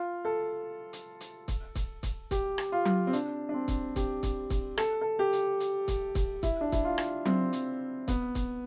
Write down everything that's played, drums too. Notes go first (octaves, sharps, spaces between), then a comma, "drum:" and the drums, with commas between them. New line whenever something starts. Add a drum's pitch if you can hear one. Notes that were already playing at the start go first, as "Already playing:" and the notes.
Already playing: F4
A4
drum: hi-hat
drum: hi-hat
drum: kick, hi-hat
drum: kick, hi-hat
drum: kick, hi-hat
G4, drum: kick, hi-hat
drum: rim click
F4
drum: tom F#3
C4
D4, drum: hi-hat
D4
C4
drum: kick, hi-hat
G4, drum: kick, hi-hat
drum: kick, hi-hat
drum: kick, hi-hat
A4, drum: rim click
A4
G4
drum: hi-hat
drum: hi-hat
drum: kick, hi-hat
drum: kick, hi-hat
E4, drum: kick, hi-hat
D4
E4, drum: kick, hi-hat
F4
drum: rim click
C4, drum: tom F#3
drum: hi-hat
B3, drum: kick, hi-hat
drum: kick, hi-hat